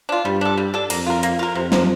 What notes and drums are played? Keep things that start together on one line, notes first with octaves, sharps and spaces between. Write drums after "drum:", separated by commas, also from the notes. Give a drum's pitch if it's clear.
D4 F4
G2 G3
D4 A4
G3
D4 A4
F2 A#3, drum: cymbal
F4 A#4
A#3, drum: hi-hat
F4 A#4
F2 C3
F3 A#3, drum: snare